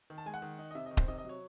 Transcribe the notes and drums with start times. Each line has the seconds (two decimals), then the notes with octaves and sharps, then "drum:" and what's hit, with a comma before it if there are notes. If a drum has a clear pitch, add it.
0.10 D#3
0.18 A5
0.26 G#3 G#5
0.34 F#5
0.42 D#3
0.58 D#4
0.71 D#5
0.75 C3 E5
0.86 D#5
0.91 D#3
0.97 C5, drum: kick D#1
1.08 C3 D#5
1.18 D#5
1.24 F#3
1.29 C#5